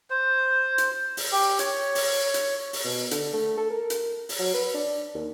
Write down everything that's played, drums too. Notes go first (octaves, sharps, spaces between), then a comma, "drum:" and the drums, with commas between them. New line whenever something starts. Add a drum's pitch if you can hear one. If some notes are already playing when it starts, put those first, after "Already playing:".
C5
drum: hi-hat
drum: open hi-hat
G4
C#5, drum: hi-hat
drum: open hi-hat
drum: hi-hat
drum: open hi-hat
B2
D3, drum: hi-hat
A3
A4
A#4
drum: hi-hat
drum: open hi-hat
F#3
B4
D4
D#2